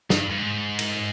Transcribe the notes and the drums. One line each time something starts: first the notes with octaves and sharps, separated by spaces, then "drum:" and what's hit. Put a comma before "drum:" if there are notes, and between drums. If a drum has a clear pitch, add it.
G2, drum: snare
G2
G#2
drum: cymbal